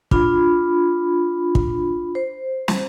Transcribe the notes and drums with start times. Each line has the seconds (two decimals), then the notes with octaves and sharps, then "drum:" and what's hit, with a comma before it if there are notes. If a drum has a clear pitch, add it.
0.11 D4 F4 B5, drum: kick
1.55 drum: kick
2.15 C5
2.68 drum: snare